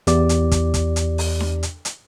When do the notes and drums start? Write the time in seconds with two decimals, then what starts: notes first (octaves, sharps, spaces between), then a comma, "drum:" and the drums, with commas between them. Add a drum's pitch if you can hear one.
0.07 E2 G4 D5 D6, drum: hi-hat
0.29 drum: hi-hat
0.51 drum: kick, hi-hat
0.74 drum: kick, hi-hat
0.96 drum: hi-hat
1.18 drum: open hi-hat
1.40 drum: snare D4
1.63 drum: hi-hat
1.85 drum: hi-hat